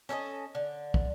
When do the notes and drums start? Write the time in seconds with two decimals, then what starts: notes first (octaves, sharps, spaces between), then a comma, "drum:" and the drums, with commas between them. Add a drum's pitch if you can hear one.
0.09 C#4 A4 C5 D#5
0.55 D3
0.94 drum: kick